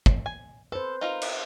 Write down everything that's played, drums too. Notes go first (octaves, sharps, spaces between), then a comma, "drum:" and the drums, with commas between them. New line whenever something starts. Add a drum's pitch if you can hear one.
drum: kick
G#5
A4 B4 C5
D#4 F4 A#4
drum: cymbal